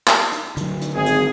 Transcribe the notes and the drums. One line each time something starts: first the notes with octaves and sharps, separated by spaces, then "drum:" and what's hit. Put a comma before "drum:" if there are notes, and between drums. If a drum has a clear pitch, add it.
drum: clap
drum: hi-hat
D3 F#3, drum: hi-hat
drum: hi-hat
G#1 G#4
drum: hi-hat